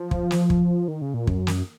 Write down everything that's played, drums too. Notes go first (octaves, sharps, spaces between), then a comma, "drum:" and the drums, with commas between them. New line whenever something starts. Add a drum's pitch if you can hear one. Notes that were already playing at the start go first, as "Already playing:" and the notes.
Already playing: F3
drum: kick
drum: snare
drum: kick
D#3
C#3
A#2
F#2, drum: kick
drum: snare